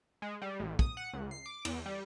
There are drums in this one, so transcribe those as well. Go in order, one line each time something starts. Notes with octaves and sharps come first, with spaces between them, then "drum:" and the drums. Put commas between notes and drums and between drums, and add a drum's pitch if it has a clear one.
G#3
G3
A1
D#6, drum: kick
F#5
C#2
C7
D6
E2, drum: cymbal
G3